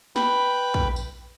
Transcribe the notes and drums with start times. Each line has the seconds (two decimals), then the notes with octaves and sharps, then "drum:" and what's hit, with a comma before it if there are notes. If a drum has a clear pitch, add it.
0.16 B4 G5 B5, drum: snare
0.74 drum: kick
0.96 drum: tambourine